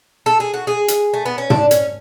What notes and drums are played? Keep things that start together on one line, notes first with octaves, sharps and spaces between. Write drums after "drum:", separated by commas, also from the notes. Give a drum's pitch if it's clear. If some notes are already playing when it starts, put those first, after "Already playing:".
A4
G#4
F#4
G#4
drum: hi-hat
A3
B3
C#4
D4, drum: tom
C#4, drum: hi-hat